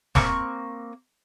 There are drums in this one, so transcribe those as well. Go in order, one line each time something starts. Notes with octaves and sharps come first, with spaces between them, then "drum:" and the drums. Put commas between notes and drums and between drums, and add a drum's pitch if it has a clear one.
A#3 C4 C#6, drum: snare